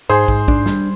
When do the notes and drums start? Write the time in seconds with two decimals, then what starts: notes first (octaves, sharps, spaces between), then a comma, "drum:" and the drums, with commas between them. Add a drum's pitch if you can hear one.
0.09 G#2 G#4 C5
0.28 G#2, drum: kick
0.48 D4, drum: kick
0.66 G3, drum: snare